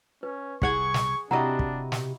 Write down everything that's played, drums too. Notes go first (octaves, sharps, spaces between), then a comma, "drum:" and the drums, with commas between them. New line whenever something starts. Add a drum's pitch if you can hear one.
C#4 B4
C2 G#4 F#5 C#6 G#6, drum: kick
drum: snare
C3 D4 E4 F#4 G4 D#5 F#5 A#5
drum: kick
drum: snare